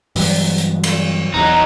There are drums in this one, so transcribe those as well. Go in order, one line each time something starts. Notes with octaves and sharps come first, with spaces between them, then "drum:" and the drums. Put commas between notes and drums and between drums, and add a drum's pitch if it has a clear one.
G2 E3 F#3, drum: open hi-hat
drum: hi-hat
drum: cymbal
E1 E2 F#3 D#4